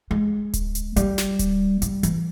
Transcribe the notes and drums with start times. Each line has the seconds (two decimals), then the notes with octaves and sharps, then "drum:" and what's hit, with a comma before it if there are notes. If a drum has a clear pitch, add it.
0.11 G#3
0.53 drum: kick D1, hi-hat
0.75 drum: hi-hat
0.96 G3, drum: hi-hat
1.18 drum: snare
1.39 drum: kick D1, hi-hat
1.82 G3, drum: hi-hat
2.03 E3, drum: hi-hat